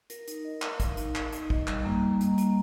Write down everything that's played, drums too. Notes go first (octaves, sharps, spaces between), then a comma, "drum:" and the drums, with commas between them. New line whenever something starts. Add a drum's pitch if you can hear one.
A#4, drum: hi-hat
D#4, drum: hi-hat
D#5
F5, drum: clap
A#4, drum: kick, hi-hat
D#4, drum: hi-hat
D#4, drum: clap
D#4, drum: hi-hat
D#5, drum: kick
G3, drum: clap
A#3, drum: tom F#2
G3
A#3, drum: hi-hat
A#3, drum: hi-hat